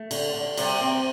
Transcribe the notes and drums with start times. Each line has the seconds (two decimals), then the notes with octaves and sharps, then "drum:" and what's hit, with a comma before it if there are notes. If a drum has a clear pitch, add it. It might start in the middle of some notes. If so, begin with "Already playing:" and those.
Already playing: A3
0.11 D3, drum: cymbal
0.34 D3
0.57 C3 G3, drum: cymbal
0.81 C4